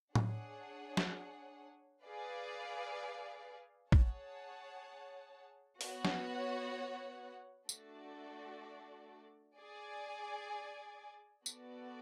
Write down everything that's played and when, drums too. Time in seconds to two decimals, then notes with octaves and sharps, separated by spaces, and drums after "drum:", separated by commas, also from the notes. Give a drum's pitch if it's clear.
0.15 D4 G#4 C#5 F#5, drum: tom A2
0.97 drum: snare
2.04 G#4 B4 D5 F5
3.92 G#4 C#5 F#5 A5, drum: kick
5.81 B3 F#4 C#5 F#5, drum: open hi-hat
6.05 drum: snare
7.69 A3 D4 F#4 A4 D5, drum: tambourine
9.58 G#4 D5 G#5
11.46 B3 F#4 A4 D5, drum: tambourine